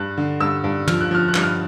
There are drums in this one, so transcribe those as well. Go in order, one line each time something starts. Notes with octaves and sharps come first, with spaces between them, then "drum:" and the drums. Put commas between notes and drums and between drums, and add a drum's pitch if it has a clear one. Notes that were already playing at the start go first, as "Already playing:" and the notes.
Already playing: G2 F#6
D3
G2 E6
G2
F3 F6, drum: tom
F#6
F3 F6
F#6
G2, drum: clap
F6